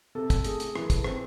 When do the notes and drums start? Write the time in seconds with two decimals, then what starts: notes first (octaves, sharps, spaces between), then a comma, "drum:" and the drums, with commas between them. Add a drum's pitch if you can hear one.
0.15 C3 A4
0.30 drum: kick, hi-hat
0.44 A3 G#4, drum: hi-hat
0.60 drum: hi-hat
0.76 E3, drum: rim click
0.90 drum: kick, hi-hat
1.04 C4, drum: rim click